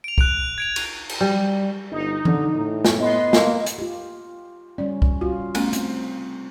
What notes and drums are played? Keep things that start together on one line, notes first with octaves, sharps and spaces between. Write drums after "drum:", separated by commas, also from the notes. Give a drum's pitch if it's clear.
D7 F7
F#6 D7 F7, drum: kick
G#6 D7 F7
drum: cymbal
drum: cymbal
G3
G1 D#4
D3, drum: tom E3
A2
drum: snare
B3 D#5 C6
A#3, drum: snare
drum: hi-hat
F4 G4
G3 C#4 D5
drum: kick
F4 F#4
A3 B3 C#4, drum: cymbal
C4, drum: hi-hat